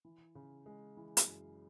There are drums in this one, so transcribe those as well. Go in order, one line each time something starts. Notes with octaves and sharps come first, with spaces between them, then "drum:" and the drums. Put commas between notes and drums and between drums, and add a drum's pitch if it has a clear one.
E3
C#3
G#3
E3
drum: hi-hat
F#2